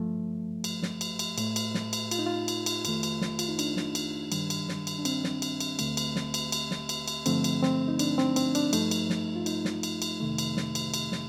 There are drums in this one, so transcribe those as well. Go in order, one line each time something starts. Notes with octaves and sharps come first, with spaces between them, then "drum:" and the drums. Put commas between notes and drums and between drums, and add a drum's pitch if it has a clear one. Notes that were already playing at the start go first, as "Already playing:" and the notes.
Already playing: G2 F3 A3
drum: cymbal
drum: snare
drum: cymbal
drum: cymbal
A2 A3, drum: cymbal
drum: cymbal
drum: snare
drum: cymbal
F4, drum: cymbal
D#4
F4
drum: cymbal
drum: cymbal
F2 D#3 A3, drum: cymbal
drum: cymbal
drum: snare
F4, drum: cymbal
D#4
D4, drum: cymbal
drum: snare
drum: cymbal
G2 D#3 G3, drum: cymbal
drum: cymbal
drum: snare
drum: cymbal
D4
C4, drum: cymbal
drum: snare
drum: cymbal
drum: cymbal
D2 D3 A3, drum: cymbal
drum: cymbal
drum: snare
drum: cymbal
drum: cymbal
drum: snare
drum: cymbal
drum: cymbal
G2 D3 F3 A3 C4, drum: cymbal
drum: cymbal
C4, drum: snare
D#4
D4, drum: cymbal
C4, drum: snare
C4, drum: cymbal
D4, drum: cymbal
G2 F3 A3 D#4, drum: cymbal
drum: cymbal
drum: snare
F4
D#4, drum: cymbal
drum: snare
drum: cymbal
drum: cymbal
F2 C3 D#3 A3
drum: cymbal
drum: snare
drum: cymbal
drum: cymbal
drum: snare